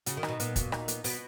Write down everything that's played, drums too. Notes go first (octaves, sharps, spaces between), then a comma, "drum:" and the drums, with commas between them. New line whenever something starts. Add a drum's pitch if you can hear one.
C#3 F#4, drum: hi-hat
D#3
D#4, drum: rim click
B2
A#2 B3, drum: hi-hat
F#4, drum: kick, hi-hat
D#4, drum: rim click
B3, drum: hi-hat
B2 B3, drum: open hi-hat